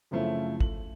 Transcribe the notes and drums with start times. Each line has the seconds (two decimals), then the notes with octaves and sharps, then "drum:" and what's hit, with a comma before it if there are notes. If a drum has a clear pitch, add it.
0.11 F#2 C#3 F3 A3 C4 E4
0.60 F#7, drum: kick